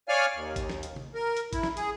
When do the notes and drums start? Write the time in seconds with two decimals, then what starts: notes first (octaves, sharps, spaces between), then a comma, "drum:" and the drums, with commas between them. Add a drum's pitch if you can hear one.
0.09 C#5 D5 F5 G#5 F6
0.34 D#2
0.56 drum: kick G#1, hi-hat
0.70 drum: snare
0.83 drum: hi-hat
0.96 drum: tom
1.15 A#4
1.37 drum: hi-hat
1.53 E4, drum: kick G#1, hi-hat
1.63 drum: snare
1.77 G#4, drum: hi-hat